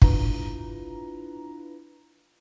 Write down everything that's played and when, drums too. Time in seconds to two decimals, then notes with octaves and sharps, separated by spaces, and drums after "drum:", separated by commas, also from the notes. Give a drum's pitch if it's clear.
0.02 D4 E4 F4 B4 A#5, drum: kick